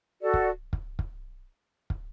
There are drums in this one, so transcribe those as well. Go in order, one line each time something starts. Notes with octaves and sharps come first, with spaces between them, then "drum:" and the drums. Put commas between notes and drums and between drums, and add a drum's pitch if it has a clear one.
F#4 A4 D5
drum: kick
drum: kick
drum: kick
drum: kick